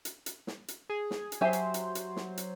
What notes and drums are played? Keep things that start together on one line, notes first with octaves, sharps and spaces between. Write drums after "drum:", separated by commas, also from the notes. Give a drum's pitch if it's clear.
drum: hi-hat
drum: hi-hat
drum: snare
drum: hi-hat
G#4
drum: snare
drum: hi-hat
F#3 G4 C5 E5 G#5
drum: hi-hat
drum: hi-hat
drum: hi-hat
drum: snare
drum: hi-hat